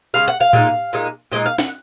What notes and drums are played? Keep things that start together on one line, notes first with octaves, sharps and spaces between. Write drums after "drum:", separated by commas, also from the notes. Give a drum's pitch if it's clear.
C#3 G#3 F5
F#5
F5
A#2 G#3 D#4, drum: tom A2
A#2 G#3 D#4
A#2 G#3 D#4 D#5
F5
F#5, drum: snare